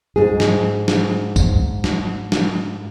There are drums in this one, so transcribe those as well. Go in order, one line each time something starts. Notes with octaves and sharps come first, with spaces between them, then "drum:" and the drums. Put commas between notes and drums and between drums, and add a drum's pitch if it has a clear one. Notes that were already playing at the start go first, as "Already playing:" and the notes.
G#2 G#4
drum: snare
drum: snare
drum: kick, tambourine
drum: snare
drum: snare